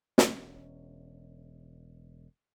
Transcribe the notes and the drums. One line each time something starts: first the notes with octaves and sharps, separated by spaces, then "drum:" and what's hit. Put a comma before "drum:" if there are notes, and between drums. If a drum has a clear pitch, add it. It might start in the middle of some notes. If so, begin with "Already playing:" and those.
E1 C#4, drum: snare